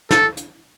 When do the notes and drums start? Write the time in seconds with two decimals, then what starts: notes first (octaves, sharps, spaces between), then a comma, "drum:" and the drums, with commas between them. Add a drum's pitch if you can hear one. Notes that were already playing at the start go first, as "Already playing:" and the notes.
0.11 A4, drum: snare
0.37 drum: hi-hat